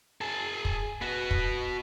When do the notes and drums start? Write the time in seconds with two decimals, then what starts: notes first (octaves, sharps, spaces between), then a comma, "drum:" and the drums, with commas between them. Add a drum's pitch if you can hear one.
0.21 G#4 A5
0.65 drum: kick
1.01 B3 F#4
1.31 drum: kick